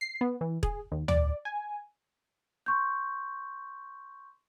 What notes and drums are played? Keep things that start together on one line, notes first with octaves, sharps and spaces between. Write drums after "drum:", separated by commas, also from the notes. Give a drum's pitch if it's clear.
C7
B3
E3
G#4, drum: kick E1
D#2
D5, drum: tom
G#5
C6 C#6 G6